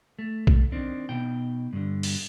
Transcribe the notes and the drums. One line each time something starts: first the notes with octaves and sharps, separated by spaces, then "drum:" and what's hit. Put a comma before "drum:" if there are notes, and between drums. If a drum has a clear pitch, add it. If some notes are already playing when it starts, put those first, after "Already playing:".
A3
drum: kick
D#3 C4 D4
B2 D#4 G5
G2 D3
drum: open hi-hat